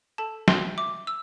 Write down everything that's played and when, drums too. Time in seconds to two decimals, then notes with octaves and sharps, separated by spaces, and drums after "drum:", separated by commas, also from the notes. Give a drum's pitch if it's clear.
0.18 A4 A5
0.48 G5 C6, drum: snare
0.78 E5 D6
1.07 E6